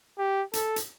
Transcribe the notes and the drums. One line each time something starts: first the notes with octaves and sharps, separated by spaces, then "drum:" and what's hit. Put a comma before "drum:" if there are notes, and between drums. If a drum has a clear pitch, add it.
G4
A4, drum: hi-hat
drum: hi-hat